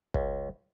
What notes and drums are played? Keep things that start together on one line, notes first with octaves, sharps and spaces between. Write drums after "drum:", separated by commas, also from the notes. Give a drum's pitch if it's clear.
C#2, drum: kick